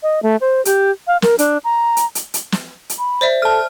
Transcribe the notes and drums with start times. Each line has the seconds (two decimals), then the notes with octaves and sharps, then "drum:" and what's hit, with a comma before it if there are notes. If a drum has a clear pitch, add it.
0.03 D#5
0.23 A3
0.41 C5
0.65 G4, drum: hi-hat
1.07 F5
1.22 A#4, drum: snare
1.39 D4, drum: hi-hat
1.64 A#5
1.97 drum: hi-hat
2.15 drum: hi-hat
2.34 drum: hi-hat
2.52 drum: snare
2.90 drum: hi-hat
2.99 B5
3.21 C5 D5 E5
3.42 A4 A5 F6